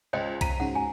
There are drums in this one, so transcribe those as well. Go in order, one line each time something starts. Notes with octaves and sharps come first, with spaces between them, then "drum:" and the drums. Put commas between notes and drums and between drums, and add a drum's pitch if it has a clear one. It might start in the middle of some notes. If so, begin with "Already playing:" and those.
C#2 C#4 F4 C5 D#5 G5
A#5 B6 D#7, drum: kick C2, cymbal
G#2 C#3 F#4 F#5
G#5